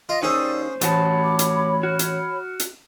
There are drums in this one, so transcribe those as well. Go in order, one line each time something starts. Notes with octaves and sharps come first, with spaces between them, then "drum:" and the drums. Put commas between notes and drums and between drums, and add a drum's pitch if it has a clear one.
F4 D#5
D#2 C#4 D#4 G#4 C5 D5 E6
A1 A3 F#4 C#5 A5 B5, drum: hi-hat
D6
drum: hi-hat
F#4 F6
drum: hi-hat
drum: hi-hat